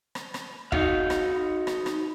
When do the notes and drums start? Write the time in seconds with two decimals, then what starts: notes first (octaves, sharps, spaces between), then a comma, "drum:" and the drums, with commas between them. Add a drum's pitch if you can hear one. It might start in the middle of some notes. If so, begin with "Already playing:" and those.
0.15 drum: rim click
0.34 drum: rim click
0.72 D#4 F#4 F5, drum: kick
1.10 drum: rim click
1.67 drum: rim click
1.86 drum: rim click